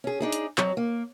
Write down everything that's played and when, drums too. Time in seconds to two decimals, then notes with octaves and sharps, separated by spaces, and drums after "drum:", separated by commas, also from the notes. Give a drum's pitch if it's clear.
0.04 C#4 G#4
0.20 D4 D#4 G#4
0.32 drum: hi-hat
0.58 F2 G#2 F#3, drum: clap
0.77 A#3